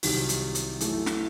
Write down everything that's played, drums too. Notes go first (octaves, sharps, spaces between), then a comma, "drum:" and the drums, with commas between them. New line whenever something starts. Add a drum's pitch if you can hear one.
C2 C3 D#3 F#3, drum: open hi-hat
drum: hi-hat
drum: hi-hat
F#2 E3 A3, drum: hi-hat
drum: snare